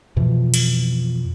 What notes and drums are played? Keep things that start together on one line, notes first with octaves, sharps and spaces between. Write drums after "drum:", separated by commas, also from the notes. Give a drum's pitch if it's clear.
F2 B2 E3 F3
drum: cymbal